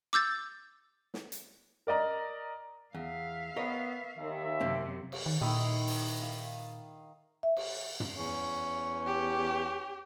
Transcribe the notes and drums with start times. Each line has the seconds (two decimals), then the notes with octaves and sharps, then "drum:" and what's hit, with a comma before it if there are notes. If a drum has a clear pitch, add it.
0.13 D6 E6 G6 A6
1.14 drum: snare
1.32 drum: hi-hat
1.87 A#4 D5 D#5 A#5
2.95 E2 E5 F5
3.56 B3 A#4 C#5 D#5
4.18 D#2 D#3 E5
4.61 F#2 C3 A#3 C4
5.12 drum: cymbal
5.26 D#3
5.41 A#2 D#3 E4 D#5
5.87 drum: open hi-hat
6.22 F5
7.43 E5
7.57 drum: cymbal
8.00 drum: tom
8.18 E2 C#4
9.07 G4